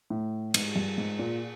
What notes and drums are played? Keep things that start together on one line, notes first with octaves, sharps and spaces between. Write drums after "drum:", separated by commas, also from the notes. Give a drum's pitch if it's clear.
A2
G#2, drum: cymbal
G2
G#2
A#2